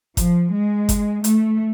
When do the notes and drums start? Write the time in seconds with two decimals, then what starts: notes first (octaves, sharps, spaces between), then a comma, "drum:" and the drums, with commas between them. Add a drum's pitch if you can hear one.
0.17 F3, drum: kick G1, hi-hat
0.53 G#3
0.89 drum: kick G1, hi-hat
1.24 A3, drum: hi-hat